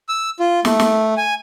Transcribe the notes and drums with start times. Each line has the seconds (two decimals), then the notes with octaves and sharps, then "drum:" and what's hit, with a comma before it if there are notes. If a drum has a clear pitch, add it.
0.09 E6
0.40 F4
0.65 A3, drum: snare
0.80 drum: snare
1.17 G#5